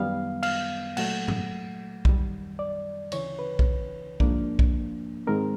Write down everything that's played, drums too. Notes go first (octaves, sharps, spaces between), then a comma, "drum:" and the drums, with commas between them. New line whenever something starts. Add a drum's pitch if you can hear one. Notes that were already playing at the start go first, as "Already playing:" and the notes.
Already playing: F#2 D#3 G3 B3 F5
F5, drum: cymbal
A#2 F#3 A3 F#5, drum: cymbal
drum: tom G2
F#2 D#3 G3, drum: kick B1
D5
D2 C#3 E3 C#5, drum: cymbal
B4
drum: kick B1
G#2 F3 A#3 D4, drum: kick B1
drum: kick B1
G#2 D#3 G#3 C4 A#4